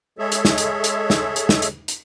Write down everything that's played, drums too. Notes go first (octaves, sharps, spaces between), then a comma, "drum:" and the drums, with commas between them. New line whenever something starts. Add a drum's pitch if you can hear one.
G#3 G#4 A4 C#5 E5
drum: hi-hat
drum: snare
drum: hi-hat
drum: hi-hat
drum: snare
drum: hi-hat
drum: snare
drum: hi-hat
drum: hi-hat